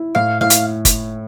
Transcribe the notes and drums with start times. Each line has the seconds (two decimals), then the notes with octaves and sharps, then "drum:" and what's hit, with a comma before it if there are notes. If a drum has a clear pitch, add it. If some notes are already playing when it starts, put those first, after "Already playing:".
Already playing: E4
0.15 A2 F5
0.41 A2 F5
0.50 drum: hi-hat
0.85 drum: kick, hi-hat